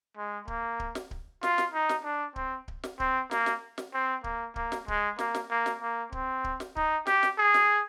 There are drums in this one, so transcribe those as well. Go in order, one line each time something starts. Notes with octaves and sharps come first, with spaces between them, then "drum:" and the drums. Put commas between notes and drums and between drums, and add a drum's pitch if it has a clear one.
G#3
A#3, drum: kick D1
drum: kick D1
drum: snare
drum: kick D1
F4, drum: snare
drum: snare
D#4
drum: snare
D4
C4, drum: kick D1
drum: kick D1
drum: snare
C4, drum: kick D1
A#3, drum: snare
drum: snare
drum: snare
C4
A#3, drum: kick D1
A#3, drum: kick D1
drum: snare
G#3, drum: kick D1
A#3, drum: snare
drum: snare
A#3
drum: snare
A#3
C4, drum: kick D1
drum: kick D1
drum: snare
D#4, drum: kick D1
G4, drum: snare
drum: snare
G#4
drum: snare